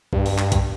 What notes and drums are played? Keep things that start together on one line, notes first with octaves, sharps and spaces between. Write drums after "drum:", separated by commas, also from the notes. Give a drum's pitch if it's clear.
G2, drum: kick B1
drum: open hi-hat
drum: clap
drum: kick B1, hi-hat